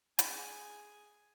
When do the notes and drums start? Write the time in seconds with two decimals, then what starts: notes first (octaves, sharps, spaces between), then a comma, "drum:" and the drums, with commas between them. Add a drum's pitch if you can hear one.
0.19 G#4 G#5, drum: hi-hat